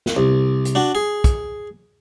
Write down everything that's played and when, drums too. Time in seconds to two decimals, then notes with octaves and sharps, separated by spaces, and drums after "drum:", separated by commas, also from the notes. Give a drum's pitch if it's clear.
0.06 drum: snare
0.16 C2
0.65 drum: hi-hat
0.75 D4 F#4
0.95 G#4
1.24 drum: kick, hi-hat